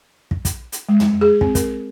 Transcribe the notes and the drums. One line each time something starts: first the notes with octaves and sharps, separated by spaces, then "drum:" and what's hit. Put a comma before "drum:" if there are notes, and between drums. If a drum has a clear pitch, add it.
drum: kick
drum: kick, hi-hat
drum: hi-hat
G#3
drum: tom
G#4
C4, drum: kick
A#4, drum: kick, hi-hat